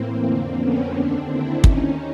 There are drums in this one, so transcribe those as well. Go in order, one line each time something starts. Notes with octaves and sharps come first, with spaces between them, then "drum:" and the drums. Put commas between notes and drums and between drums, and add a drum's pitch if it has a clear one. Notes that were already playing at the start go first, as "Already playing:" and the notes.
Already playing: A2 E3 A#3 C4
F2 D3
B3 C#4
D#2 D3 C4 D4
D4 E4
D#2 D#3 C#4 D#4, drum: kick